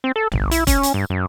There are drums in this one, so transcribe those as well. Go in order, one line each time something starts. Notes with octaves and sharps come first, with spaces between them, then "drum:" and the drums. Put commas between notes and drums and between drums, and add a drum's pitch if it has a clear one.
C4
A4
G1, drum: tom B1
E4, drum: hi-hat
C#4, drum: kick F1, hi-hat
drum: hi-hat
G2
F#2